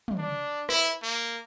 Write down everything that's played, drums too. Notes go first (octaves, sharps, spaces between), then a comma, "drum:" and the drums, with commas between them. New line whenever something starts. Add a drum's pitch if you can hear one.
drum: tom
D4
E4, drum: rim click
A#3